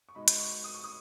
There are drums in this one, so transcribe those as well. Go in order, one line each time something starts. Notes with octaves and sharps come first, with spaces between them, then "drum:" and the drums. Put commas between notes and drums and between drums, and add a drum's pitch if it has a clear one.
C#6
B2 G#3 D#4 B5
B5, drum: hi-hat
C#6
C#6
D#6
C#6
D#6